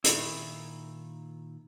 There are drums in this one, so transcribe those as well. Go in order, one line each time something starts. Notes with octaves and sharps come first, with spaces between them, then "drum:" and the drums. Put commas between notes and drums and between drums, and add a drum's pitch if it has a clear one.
A#2 D#3 E4, drum: hi-hat